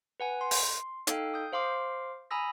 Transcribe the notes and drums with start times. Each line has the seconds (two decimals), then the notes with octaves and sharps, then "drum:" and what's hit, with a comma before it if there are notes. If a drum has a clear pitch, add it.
0.20 B4 F#5 G#5
0.41 C6
0.51 drum: open hi-hat
1.07 D#4 A4 F5 G5, drum: hi-hat
1.34 D#6 G6
1.53 C5 F5 C6 D6
2.31 G#5 A#5 B5 D#6 E6 A#6